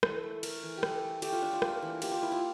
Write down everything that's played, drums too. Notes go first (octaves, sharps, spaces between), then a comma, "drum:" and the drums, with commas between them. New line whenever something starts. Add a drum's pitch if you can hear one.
E3 A4, drum: rim click
A3
A3 A#4, drum: cymbal
E3
G4
E3 A4, drum: rim click
A3
A3 G4, drum: cymbal
F4
A3 D4
F4
A#3, drum: rim click
E3
A#3 G4, drum: cymbal
F4
A#3 E4
F4